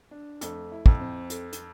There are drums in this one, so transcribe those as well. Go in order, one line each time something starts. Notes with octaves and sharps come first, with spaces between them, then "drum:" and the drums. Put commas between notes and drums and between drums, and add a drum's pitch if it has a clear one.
D4
F2 A3, drum: hi-hat
E4
F2, drum: kick
C4
A4, drum: hi-hat
drum: hi-hat